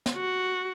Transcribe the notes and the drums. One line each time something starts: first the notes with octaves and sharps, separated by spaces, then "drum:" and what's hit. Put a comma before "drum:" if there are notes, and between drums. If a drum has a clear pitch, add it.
drum: snare
F#4